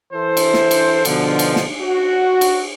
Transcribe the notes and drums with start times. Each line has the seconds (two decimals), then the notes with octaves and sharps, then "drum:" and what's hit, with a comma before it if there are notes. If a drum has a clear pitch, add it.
0.13 E3 E4 A4 C5
0.37 drum: cymbal
0.54 drum: snare
0.71 drum: cymbal
1.05 B2 D3 F3, drum: cymbal
1.39 drum: cymbal
1.56 drum: snare
1.81 F#4
2.41 drum: cymbal